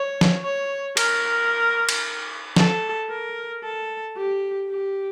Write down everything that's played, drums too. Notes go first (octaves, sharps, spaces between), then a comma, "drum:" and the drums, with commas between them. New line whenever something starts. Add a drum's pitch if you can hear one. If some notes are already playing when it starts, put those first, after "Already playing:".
Already playing: C#5
drum: snare
C#5
A#4, drum: cymbal
drum: cymbal
A4, drum: snare
A#4
A4
G4
G4